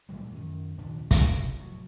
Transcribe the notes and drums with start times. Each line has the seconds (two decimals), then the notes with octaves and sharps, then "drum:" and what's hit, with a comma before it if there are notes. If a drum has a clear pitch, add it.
0.09 A#1 A2 E3 G3
0.32 F#2 D#3
0.78 A#1 D#2 C3 D4
1.11 C2 F2 C3, drum: kick, hi-hat
1.58 A2 F#3